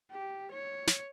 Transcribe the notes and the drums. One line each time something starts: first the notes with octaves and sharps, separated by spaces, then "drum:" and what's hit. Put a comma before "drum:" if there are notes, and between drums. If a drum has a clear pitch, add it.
G4
C#5
drum: snare